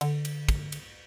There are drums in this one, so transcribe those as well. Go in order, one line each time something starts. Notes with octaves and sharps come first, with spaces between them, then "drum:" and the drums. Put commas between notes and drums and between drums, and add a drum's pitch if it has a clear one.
D3, drum: cymbal
drum: cymbal
drum: kick, cymbal
drum: cymbal